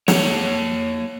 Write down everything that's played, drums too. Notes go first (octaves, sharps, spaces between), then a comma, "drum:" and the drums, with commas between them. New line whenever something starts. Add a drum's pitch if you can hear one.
A#3 C#5, drum: snare